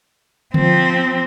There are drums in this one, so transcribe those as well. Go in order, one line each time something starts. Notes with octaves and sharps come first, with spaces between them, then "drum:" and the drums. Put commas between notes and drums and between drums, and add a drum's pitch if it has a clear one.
F3 C4, drum: tom D3